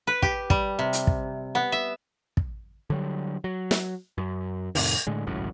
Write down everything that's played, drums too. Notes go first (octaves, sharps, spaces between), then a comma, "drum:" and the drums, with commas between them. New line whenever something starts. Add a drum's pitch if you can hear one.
B4
G4, drum: kick
G3, drum: kick
C3
drum: hi-hat
drum: kick
B3
E5
drum: kick
D3 F#3 G3
F#3
drum: snare
F#2
F2 A2 C3 D#3, drum: open hi-hat
A2 D3 G#3
G#1 C#2 F#2 A2